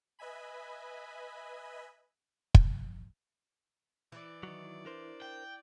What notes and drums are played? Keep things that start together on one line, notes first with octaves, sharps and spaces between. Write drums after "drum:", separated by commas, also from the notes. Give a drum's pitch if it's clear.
B4 D#5 E5 G#5 B5
drum: kick
E3 D5
D#3 F#3
D4 A#4 C5
G5